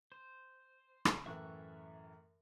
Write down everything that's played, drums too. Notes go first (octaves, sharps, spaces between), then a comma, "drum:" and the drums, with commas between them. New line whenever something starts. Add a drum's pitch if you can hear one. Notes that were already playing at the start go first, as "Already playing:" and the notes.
C5
drum: rim click
F#2 A2 E3 E5 C#6 F#6